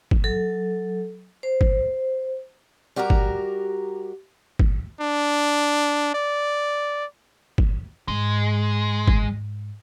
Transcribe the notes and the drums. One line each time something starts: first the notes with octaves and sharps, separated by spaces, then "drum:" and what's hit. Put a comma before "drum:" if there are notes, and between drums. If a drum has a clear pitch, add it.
drum: kick
F#3 A4
C5
drum: kick
G3 F#4 G4 A#4 A#5
drum: kick
drum: kick
D4
D5
drum: kick
G#2 G#3
drum: kick